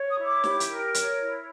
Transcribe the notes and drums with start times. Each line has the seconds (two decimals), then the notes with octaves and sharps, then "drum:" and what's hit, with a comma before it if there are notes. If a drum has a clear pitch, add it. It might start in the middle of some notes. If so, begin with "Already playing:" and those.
Already playing: C#5
0.09 D#6
0.17 E4
0.26 D6
0.44 G4, drum: snare
0.60 drum: hi-hat
0.69 A#4
0.94 C#5, drum: hi-hat
1.20 E4